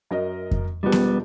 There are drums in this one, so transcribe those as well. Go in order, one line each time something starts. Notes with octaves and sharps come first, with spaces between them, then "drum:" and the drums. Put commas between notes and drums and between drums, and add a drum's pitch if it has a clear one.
F#2 A#4 D#5
drum: kick F2
E1 F3 G3 B3 G4
drum: snare B3